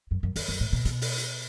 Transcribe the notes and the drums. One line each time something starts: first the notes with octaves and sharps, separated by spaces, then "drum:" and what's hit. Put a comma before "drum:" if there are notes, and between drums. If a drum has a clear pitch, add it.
F#2
F#2
E2, drum: open hi-hat
F#2
A2
B2
B2, drum: hi-hat
drum: open hi-hat
drum: hi-hat